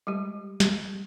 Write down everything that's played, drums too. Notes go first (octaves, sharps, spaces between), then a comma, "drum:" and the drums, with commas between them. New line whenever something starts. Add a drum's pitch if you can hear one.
G3 G#3 G4
drum: snare